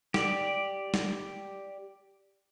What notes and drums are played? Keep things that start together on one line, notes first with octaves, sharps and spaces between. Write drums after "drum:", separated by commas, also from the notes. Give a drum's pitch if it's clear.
G4 D5, drum: snare
drum: snare